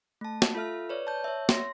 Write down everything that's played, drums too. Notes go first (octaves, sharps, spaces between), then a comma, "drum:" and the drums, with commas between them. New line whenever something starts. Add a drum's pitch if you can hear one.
A3 A5
drum: snare
F4 A4 E5 F6
B4 C#5 D5
A5 G6
C#5 E5
C6 A#6, drum: snare